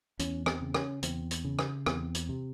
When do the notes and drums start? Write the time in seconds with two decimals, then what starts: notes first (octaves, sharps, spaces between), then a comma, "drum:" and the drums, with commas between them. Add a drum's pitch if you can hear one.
0.19 E2 C#4, drum: hi-hat
0.46 C4, drum: rim click
0.61 C#3
0.74 C#4, drum: rim click
1.03 E2 C4, drum: hi-hat
1.31 drum: hi-hat
1.45 C#3
1.59 drum: rim click
1.86 E2 C4, drum: rim click
2.14 drum: hi-hat
2.29 C3